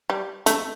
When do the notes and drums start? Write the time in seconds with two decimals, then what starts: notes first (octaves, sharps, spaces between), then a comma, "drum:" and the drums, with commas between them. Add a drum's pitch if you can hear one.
0.10 G3
0.46 A3, drum: hi-hat